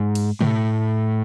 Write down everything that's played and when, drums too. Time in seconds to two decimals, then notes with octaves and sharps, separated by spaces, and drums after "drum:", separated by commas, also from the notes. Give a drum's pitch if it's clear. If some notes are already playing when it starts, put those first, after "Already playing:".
Already playing: G#2
0.15 drum: cymbal
0.41 A2, drum: tom